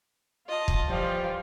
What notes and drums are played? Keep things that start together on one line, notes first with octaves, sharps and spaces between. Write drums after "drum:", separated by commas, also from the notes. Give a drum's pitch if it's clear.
F4 D#5 A5
drum: kick
E3 F3 G3 F4